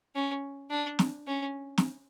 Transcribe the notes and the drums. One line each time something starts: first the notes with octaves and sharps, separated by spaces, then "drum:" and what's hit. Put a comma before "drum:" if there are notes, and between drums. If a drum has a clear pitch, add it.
C#4
D4
drum: snare
C#4
drum: snare